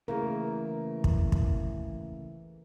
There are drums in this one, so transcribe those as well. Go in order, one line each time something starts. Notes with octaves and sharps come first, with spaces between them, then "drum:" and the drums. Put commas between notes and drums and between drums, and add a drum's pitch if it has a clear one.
C#3 E3 A3 A#3 G#4 A#4 F5
drum: kick
drum: kick